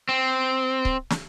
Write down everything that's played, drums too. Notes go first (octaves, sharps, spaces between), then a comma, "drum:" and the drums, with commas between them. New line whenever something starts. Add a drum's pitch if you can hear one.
C4
drum: kick C#1
drum: snare